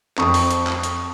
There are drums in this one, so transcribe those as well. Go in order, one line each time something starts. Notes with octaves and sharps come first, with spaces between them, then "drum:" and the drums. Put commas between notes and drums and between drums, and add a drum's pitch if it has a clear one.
F2 C4 C#6 D#6, drum: clap
drum: open hi-hat
drum: hi-hat
drum: clap
drum: hi-hat